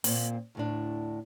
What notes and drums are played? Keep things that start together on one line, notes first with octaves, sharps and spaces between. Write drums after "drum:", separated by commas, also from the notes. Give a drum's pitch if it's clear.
A#2 A#3 C4, drum: open hi-hat
D2 A2 D4